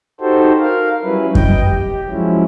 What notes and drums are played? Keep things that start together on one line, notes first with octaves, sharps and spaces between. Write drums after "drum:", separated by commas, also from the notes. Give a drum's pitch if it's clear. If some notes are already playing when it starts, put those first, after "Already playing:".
D#4 F#4 G4 A4 C5
A#4 F5
F#3 G3 C#4 E4 B4
D#5 G5, drum: kick F#2
G4
F3 F#3 G#3 C#4 E4